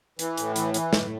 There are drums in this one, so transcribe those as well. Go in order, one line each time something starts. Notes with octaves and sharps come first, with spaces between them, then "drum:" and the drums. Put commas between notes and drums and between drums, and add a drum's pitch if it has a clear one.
E3, drum: hi-hat
A2, drum: hi-hat
E3, drum: hi-hat
E3, drum: hi-hat
A2, drum: snare